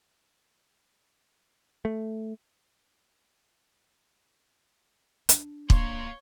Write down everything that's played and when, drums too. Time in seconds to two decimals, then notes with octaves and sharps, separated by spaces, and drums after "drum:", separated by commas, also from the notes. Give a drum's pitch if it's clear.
1.85 A3
5.29 D4, drum: hi-hat
5.70 A#2 A#3 C#5 C6, drum: kick